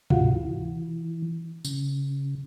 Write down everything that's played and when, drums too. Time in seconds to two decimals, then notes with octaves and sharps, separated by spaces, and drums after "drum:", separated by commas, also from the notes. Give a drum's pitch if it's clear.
0.10 D2 G#2 F4 F#4, drum: tom B2
0.35 E3
1.65 C#3, drum: tambourine